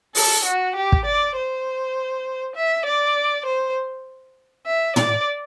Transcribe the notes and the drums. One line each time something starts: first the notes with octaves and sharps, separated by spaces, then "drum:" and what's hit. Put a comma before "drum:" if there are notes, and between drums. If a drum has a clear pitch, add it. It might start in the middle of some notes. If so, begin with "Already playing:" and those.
A4, drum: open hi-hat
F#4
G4
drum: kick
D5
C5
E5
D5
C5
E5
D5, drum: tom